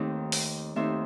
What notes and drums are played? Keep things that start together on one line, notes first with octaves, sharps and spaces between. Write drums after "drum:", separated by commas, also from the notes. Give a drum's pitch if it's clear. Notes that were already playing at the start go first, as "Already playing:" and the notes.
Already playing: D#2 D#3 A3 C4 D#4
drum: open hi-hat
D#2 D#3 A3 C4 D#4 C5 E5